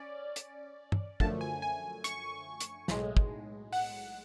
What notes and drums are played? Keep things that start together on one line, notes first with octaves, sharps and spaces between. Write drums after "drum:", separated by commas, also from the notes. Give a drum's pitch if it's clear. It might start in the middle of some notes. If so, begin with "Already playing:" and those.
Already playing: C#4 D5
drum: hi-hat
drum: tom
F#2 D3 F3 A3 A5, drum: kick
G#5
G#5
C#6, drum: hi-hat
drum: hi-hat
B1 A2 G#3, drum: snare
drum: kick
F#5, drum: open hi-hat